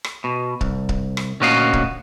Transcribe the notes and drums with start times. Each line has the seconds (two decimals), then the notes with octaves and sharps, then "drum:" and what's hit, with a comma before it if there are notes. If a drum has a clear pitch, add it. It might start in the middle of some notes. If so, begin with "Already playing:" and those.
0.04 drum: rim click
0.24 B2
0.61 C2, drum: kick C#1
0.89 drum: kick C#1
1.17 drum: rim click
1.40 D2 A#2 C#4 F#4 D#5 F5
1.73 drum: kick C#1